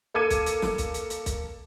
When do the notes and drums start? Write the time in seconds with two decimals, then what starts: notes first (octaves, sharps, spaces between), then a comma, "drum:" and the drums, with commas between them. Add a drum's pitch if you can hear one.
0.14 A#3 A4 D6 G#6 D#7
0.30 drum: kick B1, hi-hat
0.46 drum: hi-hat
0.62 drum: snare
0.78 drum: kick B1, hi-hat
0.94 drum: hi-hat
1.10 drum: hi-hat
1.26 drum: kick B1, hi-hat